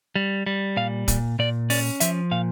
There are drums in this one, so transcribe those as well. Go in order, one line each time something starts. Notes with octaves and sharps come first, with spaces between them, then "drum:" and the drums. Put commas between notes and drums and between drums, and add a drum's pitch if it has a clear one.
G3
G3
A#2 F5
A#2, drum: kick, hi-hat
A#2 D5
C#4 D5, drum: open hi-hat
F3 E5, drum: hi-hat
A#2 F5